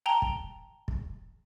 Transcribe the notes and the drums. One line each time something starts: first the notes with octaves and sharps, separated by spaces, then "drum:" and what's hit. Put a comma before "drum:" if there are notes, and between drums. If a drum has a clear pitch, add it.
G5 A5 A#5 F7 G7
drum: kick
drum: kick